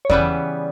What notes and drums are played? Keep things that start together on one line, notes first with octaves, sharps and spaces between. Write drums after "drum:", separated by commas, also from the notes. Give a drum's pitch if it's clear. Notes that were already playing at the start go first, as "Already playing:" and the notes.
C#5
C#3 E3 G3 B3 D5, drum: kick E2